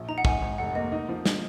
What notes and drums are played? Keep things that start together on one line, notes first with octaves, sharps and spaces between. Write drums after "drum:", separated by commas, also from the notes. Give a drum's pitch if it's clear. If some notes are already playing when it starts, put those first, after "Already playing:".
Already playing: A#1
D#4 A#5
F#5
G#1 G#5, drum: kick
G#1
F1 F#5
A#3 D#5
D#4
F3
drum: snare